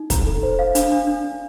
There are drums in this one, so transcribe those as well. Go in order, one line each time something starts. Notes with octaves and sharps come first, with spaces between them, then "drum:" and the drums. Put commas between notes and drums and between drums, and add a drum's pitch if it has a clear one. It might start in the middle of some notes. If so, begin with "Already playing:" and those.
Already playing: D#4
A#5, drum: kick, hi-hat
A4
C5
F5
D4, drum: hi-hat
D4
D4
D4